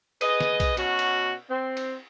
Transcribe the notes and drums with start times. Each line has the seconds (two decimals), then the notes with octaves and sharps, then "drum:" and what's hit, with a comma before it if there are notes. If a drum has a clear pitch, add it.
0.21 G#4 B4 D#5, drum: cymbal
0.40 drum: snare
0.60 drum: kick, cymbal
0.77 B2 C#4 F#4, drum: cymbal
0.99 drum: cymbal
1.50 C4
1.77 drum: cymbal